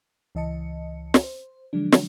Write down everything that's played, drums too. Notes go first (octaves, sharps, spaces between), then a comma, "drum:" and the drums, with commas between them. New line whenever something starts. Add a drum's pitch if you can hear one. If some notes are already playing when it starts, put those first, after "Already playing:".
C#2 E3 D#5 A5 C#7
drum: snare
C5
D3 F3 F#3 G#3 D4
drum: snare